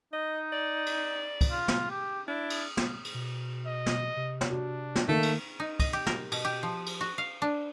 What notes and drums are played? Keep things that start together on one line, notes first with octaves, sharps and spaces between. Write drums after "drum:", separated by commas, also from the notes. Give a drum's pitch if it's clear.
D#4 D#5
D5
drum: cymbal
drum: kick, cymbal
F4
drum: snare
G4
D4 E4
drum: cymbal
drum: snare
drum: cymbal
B2
D#5
drum: snare
C3
drum: snare
D4 F#4
drum: snare
D#3 A3 A#3
drum: cymbal
D#4
D#5, drum: kick, cymbal
G4
A#4, drum: snare
B2, drum: cymbal
G4
F3
drum: cymbal
F#4
F5
D4